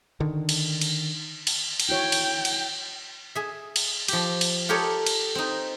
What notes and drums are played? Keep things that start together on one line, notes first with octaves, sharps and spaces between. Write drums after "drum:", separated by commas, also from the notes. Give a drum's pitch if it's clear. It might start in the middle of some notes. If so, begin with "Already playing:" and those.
D3 D#3
drum: cymbal
drum: cymbal
drum: cymbal
drum: cymbal
E4 F#4 C#5 G5
drum: cymbal
drum: cymbal
G#4 E5
drum: cymbal
F3 G4, drum: cymbal
drum: cymbal
F4 G4 A4 A#4 C#5 D#5
drum: cymbal
C4 D#4